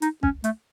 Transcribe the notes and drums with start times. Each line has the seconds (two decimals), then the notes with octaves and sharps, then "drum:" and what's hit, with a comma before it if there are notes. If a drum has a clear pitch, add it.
0.02 D#4, drum: hi-hat
0.23 C#4, drum: kick
0.44 A3, drum: hi-hat